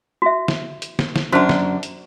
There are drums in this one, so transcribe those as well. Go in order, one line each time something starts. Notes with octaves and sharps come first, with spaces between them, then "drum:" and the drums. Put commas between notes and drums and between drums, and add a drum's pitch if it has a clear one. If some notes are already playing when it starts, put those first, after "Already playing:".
F#4 E5
drum: snare
drum: hi-hat
drum: snare
drum: snare
F#2 D4 F#4 C5
drum: snare
drum: hi-hat